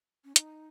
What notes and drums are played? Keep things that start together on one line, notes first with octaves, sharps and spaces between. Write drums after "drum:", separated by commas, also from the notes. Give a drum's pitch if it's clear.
C#4
D#4, drum: hi-hat